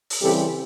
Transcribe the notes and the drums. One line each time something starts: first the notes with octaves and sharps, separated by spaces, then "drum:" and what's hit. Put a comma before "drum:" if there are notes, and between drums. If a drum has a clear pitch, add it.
drum: open hi-hat
C#3 E3 G3 C4 G4 A4